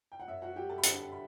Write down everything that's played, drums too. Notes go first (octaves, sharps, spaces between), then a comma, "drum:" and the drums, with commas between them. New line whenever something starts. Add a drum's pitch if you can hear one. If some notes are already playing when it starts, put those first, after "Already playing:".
G5
F#5
F#2 E5
F#4 F#5
G3 G4 G5
A4 A5
B5
D3 A4 A5, drum: hi-hat
B5